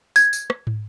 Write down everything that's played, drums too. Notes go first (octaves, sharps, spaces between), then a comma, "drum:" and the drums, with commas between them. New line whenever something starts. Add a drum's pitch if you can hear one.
G#6, drum: tambourine
drum: tambourine
drum: rim click
drum: tom